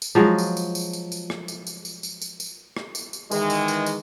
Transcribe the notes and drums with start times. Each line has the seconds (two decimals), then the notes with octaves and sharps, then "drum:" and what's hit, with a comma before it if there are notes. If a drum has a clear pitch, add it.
0.02 drum: tambourine
0.15 F3 F#3 G#3
0.38 drum: tambourine
0.57 drum: tambourine
0.75 drum: tambourine
0.93 drum: tambourine
1.12 drum: tambourine
1.30 drum: rim click
1.48 drum: tambourine
1.67 drum: tambourine
1.85 drum: tambourine
2.03 drum: tambourine
2.22 drum: tambourine
2.40 drum: tambourine
2.77 drum: rim click
2.95 drum: tambourine
3.13 drum: tambourine
3.31 D#3 E3 G#3, drum: tambourine
3.50 drum: tambourine
3.68 drum: tambourine
3.86 drum: tambourine